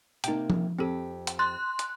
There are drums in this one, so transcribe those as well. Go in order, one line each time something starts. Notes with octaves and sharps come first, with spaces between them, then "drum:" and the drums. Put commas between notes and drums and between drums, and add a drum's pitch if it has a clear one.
C3 A#3 D#4 G5, drum: hi-hat
drum: tom F3
F2 C4 G4 A4
drum: hi-hat
C6 F#6 A6
drum: hi-hat